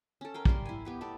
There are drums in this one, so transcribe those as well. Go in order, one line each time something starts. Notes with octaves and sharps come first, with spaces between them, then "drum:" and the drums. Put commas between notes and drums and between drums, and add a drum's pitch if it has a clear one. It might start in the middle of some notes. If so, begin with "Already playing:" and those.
C#4 A4
A#4 F5 G5
G3 C6, drum: kick
E4 G#5
B3 G4 B4
A3 B3 A4 D5